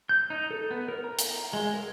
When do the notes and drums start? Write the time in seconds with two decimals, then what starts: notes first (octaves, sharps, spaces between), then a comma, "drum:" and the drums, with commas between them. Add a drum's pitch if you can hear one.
0.09 G6
0.30 D#4
0.51 A4
0.71 B3
0.88 A#4
1.04 A#5
1.19 drum: hi-hat
1.53 G#3
1.74 A#4